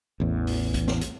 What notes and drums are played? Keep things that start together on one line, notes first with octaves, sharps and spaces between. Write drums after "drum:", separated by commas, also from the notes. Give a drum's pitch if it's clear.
A1 E2
drum: open hi-hat
drum: kick, hi-hat
drum: snare
drum: hi-hat